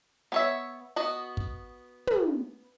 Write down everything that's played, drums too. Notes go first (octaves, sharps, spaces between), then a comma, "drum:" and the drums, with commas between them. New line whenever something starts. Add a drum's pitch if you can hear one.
B3 C#5 E5
B3 F#4 D#5
drum: kick
drum: tom